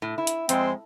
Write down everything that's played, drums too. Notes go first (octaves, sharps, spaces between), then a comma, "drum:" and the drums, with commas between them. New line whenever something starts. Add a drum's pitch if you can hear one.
A2
E4
drum: hi-hat
F2 G#3 C4, drum: hi-hat